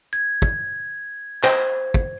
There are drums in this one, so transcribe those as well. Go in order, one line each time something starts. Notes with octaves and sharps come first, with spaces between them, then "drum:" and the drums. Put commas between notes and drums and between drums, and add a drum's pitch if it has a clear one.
G#6
drum: kick
C5 D#5 G5, drum: clap
drum: kick